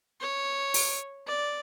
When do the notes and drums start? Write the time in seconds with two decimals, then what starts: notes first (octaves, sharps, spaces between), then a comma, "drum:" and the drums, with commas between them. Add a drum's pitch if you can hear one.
0.21 C#5
0.74 drum: open hi-hat
1.27 D5